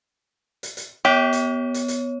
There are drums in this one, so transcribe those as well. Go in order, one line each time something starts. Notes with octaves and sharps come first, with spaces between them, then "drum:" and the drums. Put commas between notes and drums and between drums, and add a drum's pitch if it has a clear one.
drum: hi-hat
drum: hi-hat
B3 G4 C#5
drum: hi-hat
drum: hi-hat
drum: hi-hat